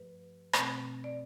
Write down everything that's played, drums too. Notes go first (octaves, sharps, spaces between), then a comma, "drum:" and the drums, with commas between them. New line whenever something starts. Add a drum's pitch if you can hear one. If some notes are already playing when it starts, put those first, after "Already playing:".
Already playing: G2 F3 A3 B4
B2 A3 C4, drum: rim click
D5